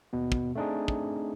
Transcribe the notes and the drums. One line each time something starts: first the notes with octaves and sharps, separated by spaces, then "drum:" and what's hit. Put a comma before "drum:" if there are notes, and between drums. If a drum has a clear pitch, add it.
D#2 B2 B3
drum: kick
A3 C4 D4 D#4 G#4
drum: kick